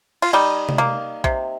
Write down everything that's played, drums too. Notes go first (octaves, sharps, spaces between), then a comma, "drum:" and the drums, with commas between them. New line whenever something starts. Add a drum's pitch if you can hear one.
F4, drum: cymbal
G3 D#4
drum: tom C3
A#3
C3, drum: kick A#1